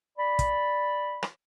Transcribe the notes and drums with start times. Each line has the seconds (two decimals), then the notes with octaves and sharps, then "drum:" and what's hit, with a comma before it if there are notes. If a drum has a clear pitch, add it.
0.18 D5 B5
0.39 drum: kick, hi-hat
1.23 drum: rim click